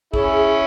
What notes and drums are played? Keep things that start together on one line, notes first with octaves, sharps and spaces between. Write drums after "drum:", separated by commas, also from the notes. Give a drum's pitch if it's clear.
C#4 E4 G#4, drum: kick